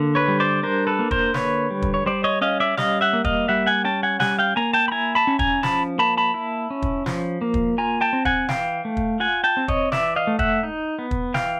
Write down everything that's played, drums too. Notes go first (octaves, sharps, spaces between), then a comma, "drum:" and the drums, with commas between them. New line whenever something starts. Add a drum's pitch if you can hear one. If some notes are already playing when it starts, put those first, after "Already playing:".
Already playing: D3 A#3
B4 C#5
G3
C5 D5
D4 A#4 C5
A4 B4
A#3
A#4 C5, drum: kick
D3 B4 C#5, drum: snare
G3
drum: kick
C#5
G3 C5 D5
C#5 D#5
C#4 D#5 F5
D5 E5
G3 D#5 F5, drum: snare
E5 F#5
A#3
D#5 F5, drum: kick
G3 E5 F#5
F#5 G#5
C#4 G5 A5
F#5 G#5
G3 F#5 G#5, drum: snare
F5 G5
A#3 G#5 A#5
G5 A5
B5
E4 G#5 A#5
A5 B5
C#4
G#5 A#5, drum: kick
F3 A5 B5, drum: snare
A#3 A5 B5
A5 B5
E4
C#4
drum: kick
F3, drum: snare
A#3
drum: kick
F4 G#5 A#5
G5 A5
C4
F#5 G#5, drum: kick
E3 F5 G5, drum: snare
A3
drum: kick
F4 F#5 G#5
G5 A5
C4
C#5 D#5, drum: kick
E3 D5 E5, drum: snare
D#5 F5
A3
E5 F#5, drum: kick
D#4
B3
drum: kick
E3 F5 G5, drum: snare